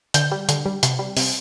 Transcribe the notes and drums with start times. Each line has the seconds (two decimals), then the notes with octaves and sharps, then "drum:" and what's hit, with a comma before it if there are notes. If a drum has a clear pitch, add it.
0.14 D3 G6, drum: hi-hat
0.32 G3
0.49 D3, drum: hi-hat
0.66 G3
0.83 C3, drum: hi-hat
0.99 G3
1.17 C3, drum: open hi-hat